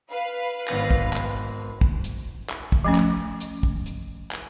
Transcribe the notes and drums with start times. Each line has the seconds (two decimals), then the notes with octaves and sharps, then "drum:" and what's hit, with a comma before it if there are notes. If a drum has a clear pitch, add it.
0.10 B4 F5
0.68 G#1 B3 A#6, drum: clap
0.91 drum: kick
1.13 drum: clap
1.81 drum: kick
2.04 drum: hi-hat
2.50 drum: clap
2.72 drum: kick
2.84 F3 A3 C#4
2.95 drum: clap
3.40 drum: hi-hat
3.63 drum: kick
3.86 drum: hi-hat
4.31 drum: clap